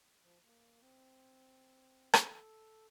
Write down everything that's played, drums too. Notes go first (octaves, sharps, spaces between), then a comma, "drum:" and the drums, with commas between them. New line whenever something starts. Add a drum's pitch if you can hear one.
F3
A#3
C4
A4, drum: rim click